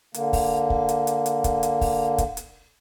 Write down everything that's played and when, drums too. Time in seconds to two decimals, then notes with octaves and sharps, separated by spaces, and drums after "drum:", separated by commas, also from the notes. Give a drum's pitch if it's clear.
0.14 D3 A#3, drum: hi-hat
0.33 drum: kick, open hi-hat
0.70 drum: kick
0.89 drum: hi-hat
1.07 drum: hi-hat
1.26 drum: hi-hat
1.44 drum: kick, hi-hat
1.63 drum: hi-hat
1.81 drum: kick, open hi-hat
2.18 drum: kick, hi-hat
2.37 drum: hi-hat